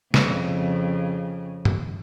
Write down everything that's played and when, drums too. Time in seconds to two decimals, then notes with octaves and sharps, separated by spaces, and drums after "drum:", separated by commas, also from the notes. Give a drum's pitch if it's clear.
0.14 F2 C#3, drum: snare
1.65 drum: tom G2